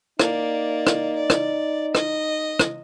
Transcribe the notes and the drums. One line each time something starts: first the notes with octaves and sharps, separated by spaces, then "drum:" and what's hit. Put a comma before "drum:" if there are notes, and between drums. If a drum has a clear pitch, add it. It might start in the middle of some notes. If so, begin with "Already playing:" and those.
A#3 D#4 D5, drum: rim click
drum: rim click
D5
drum: rim click
D#5, drum: rim click
drum: rim click